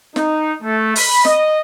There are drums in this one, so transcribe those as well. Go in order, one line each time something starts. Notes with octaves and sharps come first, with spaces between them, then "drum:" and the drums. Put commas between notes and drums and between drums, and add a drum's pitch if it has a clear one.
D#4, drum: snare
A3
B5, drum: open hi-hat
D#5, drum: snare